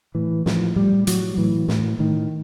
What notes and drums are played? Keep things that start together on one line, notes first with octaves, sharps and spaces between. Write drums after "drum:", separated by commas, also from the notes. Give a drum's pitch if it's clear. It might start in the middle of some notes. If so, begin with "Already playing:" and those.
A2 E3
A2 F3, drum: snare
A2 G3
A2 F#3, drum: hi-hat
A2 E3
A2, drum: snare
A2 D#3